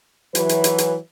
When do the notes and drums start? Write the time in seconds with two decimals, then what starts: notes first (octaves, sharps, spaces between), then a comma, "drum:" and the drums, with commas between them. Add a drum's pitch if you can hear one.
0.35 E3 F#3 B4, drum: hi-hat
0.49 drum: hi-hat
0.64 drum: hi-hat
0.78 drum: hi-hat